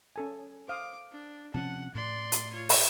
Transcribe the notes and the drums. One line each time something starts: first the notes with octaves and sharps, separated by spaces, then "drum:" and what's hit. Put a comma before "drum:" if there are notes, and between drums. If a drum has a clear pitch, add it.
C#4 A4 G#5
C5 F5 D6 D#6
D4
C3 F3 C#4 F#5 A5
A2 D5 C6
drum: hi-hat
F4 C#5
drum: open hi-hat